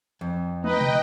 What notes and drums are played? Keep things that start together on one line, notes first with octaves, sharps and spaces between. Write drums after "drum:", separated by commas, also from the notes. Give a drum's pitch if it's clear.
F2
D#4 B4 D#5 G5, drum: tom
drum: tom